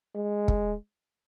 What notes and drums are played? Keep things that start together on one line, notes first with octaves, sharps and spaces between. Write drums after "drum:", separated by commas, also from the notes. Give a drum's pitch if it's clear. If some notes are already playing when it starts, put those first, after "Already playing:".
G#3
drum: kick